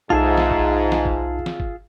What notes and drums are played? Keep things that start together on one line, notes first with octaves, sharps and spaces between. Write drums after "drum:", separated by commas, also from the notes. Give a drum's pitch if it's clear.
B1 G#2 D#4 F4 G#4 E5 A5
drum: snare
drum: kick
drum: snare
drum: kick
drum: snare
drum: kick